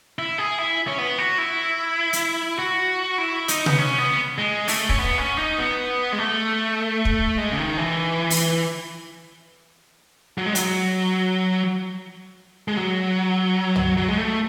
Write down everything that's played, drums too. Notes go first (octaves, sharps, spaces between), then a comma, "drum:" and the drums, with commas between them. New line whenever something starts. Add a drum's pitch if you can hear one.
E4
G#4
E4
C#4
B3
F#4
E4
drum: hi-hat
F#4
E4
D#4, drum: hi-hat
B3, drum: tom C3
C#4
B3
G#3
A3, drum: open hi-hat
C#4, drum: kick
B3
C#4
D#4
B3
G#3
A3
drum: kick
G#3
C#3
D#3
E3
drum: open hi-hat
F#3
G#3
F#3, drum: hi-hat
G#3
F#3
drum: tom
F#3
G#3
A3